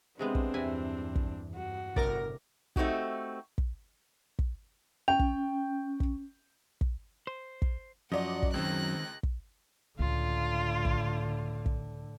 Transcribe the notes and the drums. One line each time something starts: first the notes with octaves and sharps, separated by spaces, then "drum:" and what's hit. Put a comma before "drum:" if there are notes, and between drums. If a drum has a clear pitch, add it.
C3 G#3 B3 C4 D4
drum: kick
E2 G2 C3 E4 G#5
drum: kick
G2 F#4
G1 A2 C3 A#4 D5 A#6, drum: kick
A3 C4 D#4 F#4 G4, drum: kick
drum: kick
drum: kick
C#4 G5
drum: kick
drum: kick
drum: kick
C5
drum: kick
F#2 F3 F#3 D5 D#5 F#5
drum: kick
C#2 D#3 C4 F#6 A#6
drum: kick
C#2 A2 D3 F4
drum: kick
drum: kick